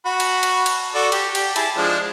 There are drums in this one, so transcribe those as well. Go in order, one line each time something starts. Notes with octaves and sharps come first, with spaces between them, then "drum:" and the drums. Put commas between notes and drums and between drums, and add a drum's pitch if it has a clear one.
F#4 F#5 B5
drum: cymbal
drum: cymbal
drum: cymbal
F#4 A4 D5
G4, drum: cymbal
G4, drum: cymbal
E4 G#4 A5, drum: cymbal
F3 G#3 D4